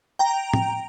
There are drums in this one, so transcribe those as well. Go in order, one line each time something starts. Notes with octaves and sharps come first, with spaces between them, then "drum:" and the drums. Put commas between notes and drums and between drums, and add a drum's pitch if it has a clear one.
G5 A#5
drum: tom A2